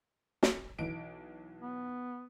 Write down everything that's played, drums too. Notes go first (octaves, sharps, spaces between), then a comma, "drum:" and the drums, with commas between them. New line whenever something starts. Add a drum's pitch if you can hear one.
drum: snare
B1 E3 D7
B3